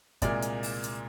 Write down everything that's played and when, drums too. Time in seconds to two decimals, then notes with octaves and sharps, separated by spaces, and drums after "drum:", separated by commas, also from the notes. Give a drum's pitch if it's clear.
0.22 C2 A#2 G#3 D5, drum: kick, hi-hat
0.42 drum: hi-hat
0.63 drum: open hi-hat
0.84 drum: hi-hat